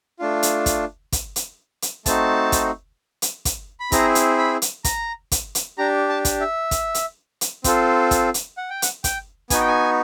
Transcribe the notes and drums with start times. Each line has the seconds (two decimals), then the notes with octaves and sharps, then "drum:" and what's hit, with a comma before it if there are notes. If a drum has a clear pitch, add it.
0.19 A3 D4 F4
0.43 drum: hi-hat
0.66 drum: kick, hi-hat
1.12 drum: kick, hi-hat
1.36 drum: hi-hat
1.82 drum: hi-hat
2.06 A3 C4 D#4 F#4 A5, drum: kick, hi-hat
2.52 drum: kick, hi-hat
3.22 drum: hi-hat
3.45 drum: kick, hi-hat
3.80 B5
3.92 C4 E4 G#4 A#5, drum: kick, hi-hat
4.15 drum: hi-hat
4.38 B5
4.62 drum: hi-hat
4.84 A#5, drum: kick, hi-hat
5.32 drum: kick, hi-hat
5.55 drum: hi-hat
5.78 D4 G4 A#5
6.09 A5
6.25 drum: kick, hi-hat
6.40 E5
6.71 drum: kick, hi-hat
6.94 drum: hi-hat
7.41 drum: hi-hat
7.64 C4 F4 A4, drum: kick, hi-hat
8.11 drum: kick, hi-hat
8.34 drum: hi-hat
8.57 F#5
8.70 G5
8.82 F#5, drum: hi-hat
9.04 G5, drum: kick, hi-hat
9.50 B3 D#4 F#4 G#5, drum: kick, hi-hat
9.60 G5
9.68 G#5